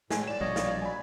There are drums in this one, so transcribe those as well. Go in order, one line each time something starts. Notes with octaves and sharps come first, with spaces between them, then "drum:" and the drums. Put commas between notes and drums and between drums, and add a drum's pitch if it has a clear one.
A2 G#3 A3 G#5, drum: snare
D5 E7
A#1 B2 G3 C#5 D#5
F5 G#6 A6, drum: snare
F#3 G#5 B5